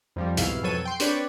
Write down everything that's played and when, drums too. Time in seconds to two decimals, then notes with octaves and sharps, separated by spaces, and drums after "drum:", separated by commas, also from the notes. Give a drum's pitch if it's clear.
0.16 F2 F3 G3
0.37 C2 G#2 B2 E4 F5, drum: hi-hat
0.63 F2 B2 F#3 A4 C#5 D#7
0.85 G5 C6
1.00 C4 D4 B4 C#5 D5, drum: hi-hat